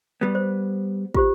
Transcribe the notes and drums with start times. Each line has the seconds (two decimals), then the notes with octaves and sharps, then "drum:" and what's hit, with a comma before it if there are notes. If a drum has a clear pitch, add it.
0.21 G3 B3
0.35 C5
1.15 F4 G4 C5, drum: kick